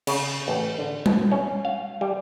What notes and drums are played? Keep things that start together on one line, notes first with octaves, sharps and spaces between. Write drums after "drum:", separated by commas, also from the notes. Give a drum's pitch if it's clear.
C#3, drum: cymbal
A1
D3
B2, drum: tom G3
C#4
F5
G3